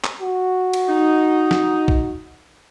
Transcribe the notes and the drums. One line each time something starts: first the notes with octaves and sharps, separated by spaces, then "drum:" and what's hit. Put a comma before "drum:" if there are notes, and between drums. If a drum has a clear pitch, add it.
drum: clap
F#4
drum: cymbal
D#4
drum: snare
drum: kick A#1